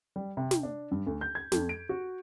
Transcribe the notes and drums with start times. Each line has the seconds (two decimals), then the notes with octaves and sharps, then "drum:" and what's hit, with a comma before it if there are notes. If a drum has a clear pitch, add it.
0.16 G3
0.37 C3
0.51 G5, drum: snare
0.63 D4
0.91 G2
1.07 D2
1.21 G6
1.35 G#6
1.52 F2, drum: snare
1.69 D7
1.89 F#4